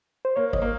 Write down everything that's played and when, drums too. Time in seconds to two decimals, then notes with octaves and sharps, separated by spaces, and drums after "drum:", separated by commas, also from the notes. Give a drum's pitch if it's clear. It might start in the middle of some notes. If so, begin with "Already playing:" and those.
0.25 C5
0.36 A#3 C#5
0.53 D#5, drum: kick G1
0.62 A#3